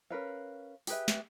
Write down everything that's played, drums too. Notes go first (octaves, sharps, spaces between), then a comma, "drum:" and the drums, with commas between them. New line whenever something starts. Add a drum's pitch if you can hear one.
C#4 A#4 B4 F5
G4 G#4 B4 E5, drum: open hi-hat
drum: snare